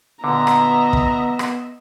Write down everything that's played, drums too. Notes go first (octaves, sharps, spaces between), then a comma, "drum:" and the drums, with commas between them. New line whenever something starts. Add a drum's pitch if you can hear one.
A#2 D3 B3 D#5 E5 A#5
drum: rim click
drum: kick
drum: rim click